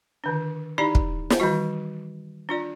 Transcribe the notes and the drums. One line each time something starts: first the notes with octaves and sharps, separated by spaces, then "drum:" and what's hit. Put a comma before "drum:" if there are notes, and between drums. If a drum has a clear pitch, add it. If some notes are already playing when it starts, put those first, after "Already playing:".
D3 D#3 D4
D#4 E4 G4 D5 A#5 B5
drum: kick
drum: snare
D#3 E3 G3 F#4
D4 F4 D5